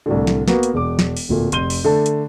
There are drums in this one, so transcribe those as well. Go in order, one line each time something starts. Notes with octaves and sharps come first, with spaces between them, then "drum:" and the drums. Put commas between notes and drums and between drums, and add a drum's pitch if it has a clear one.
C2 A2 D3
drum: snare
A#3 B3 F#4, drum: snare
drum: hi-hat
E1 D6
drum: snare
drum: open hi-hat
D1 A#2 A3
F1 C6 G6 D#7 G7, drum: hi-hat
drum: open hi-hat
D3 A3 A5
drum: hi-hat